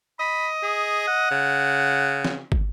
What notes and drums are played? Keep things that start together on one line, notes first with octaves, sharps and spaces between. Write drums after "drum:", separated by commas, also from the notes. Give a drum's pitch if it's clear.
D#5 B5
G#4
F#5
C#3
drum: snare
drum: kick